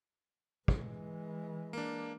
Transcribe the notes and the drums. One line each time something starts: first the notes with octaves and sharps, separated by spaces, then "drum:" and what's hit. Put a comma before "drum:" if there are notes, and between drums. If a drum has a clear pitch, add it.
E3 G#3, drum: kick
A#3 D4